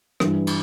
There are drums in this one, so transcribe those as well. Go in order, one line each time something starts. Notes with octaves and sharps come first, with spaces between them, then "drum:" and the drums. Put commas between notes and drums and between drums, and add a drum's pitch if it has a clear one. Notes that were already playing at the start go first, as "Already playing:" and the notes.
G2 E3 G3, drum: rim click
drum: cymbal